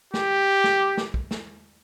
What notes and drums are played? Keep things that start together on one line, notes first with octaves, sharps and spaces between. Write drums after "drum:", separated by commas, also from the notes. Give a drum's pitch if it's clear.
G4, drum: snare
drum: snare
drum: snare
drum: kick
drum: snare